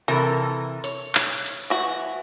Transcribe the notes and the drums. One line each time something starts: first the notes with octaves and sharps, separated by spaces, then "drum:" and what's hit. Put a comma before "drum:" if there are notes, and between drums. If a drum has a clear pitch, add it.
C3 E3 A4 A#4
C#5, drum: hi-hat
drum: clap
drum: hi-hat
E3 F#4